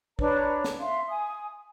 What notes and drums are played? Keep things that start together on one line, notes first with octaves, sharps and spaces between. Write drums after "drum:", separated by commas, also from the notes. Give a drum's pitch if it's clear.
D4 B4 C#5 A#5, drum: kick
drum: snare
E5 F5 C6
G#5 D#6